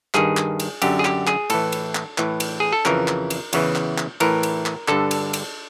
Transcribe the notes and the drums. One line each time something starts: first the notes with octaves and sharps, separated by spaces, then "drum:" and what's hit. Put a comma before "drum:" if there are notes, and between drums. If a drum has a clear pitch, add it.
G2 D#3 G#4, drum: clap
drum: clap
drum: cymbal
F#2 D3 G4, drum: cymbal
G#4
G4, drum: clap
G#4, drum: clap
A2 E3 A4, drum: cymbal
drum: cymbal
drum: clap
A2 E3, drum: clap
drum: cymbal
G#4
A4
F2 C#3 E3 A#4, drum: clap
drum: clap
drum: cymbal
E2 C#3 E3, drum: cymbal
drum: clap
drum: clap
A2 E3 A#4, drum: cymbal
drum: cymbal
drum: clap
G2 D3 A4, drum: clap
drum: cymbal
drum: cymbal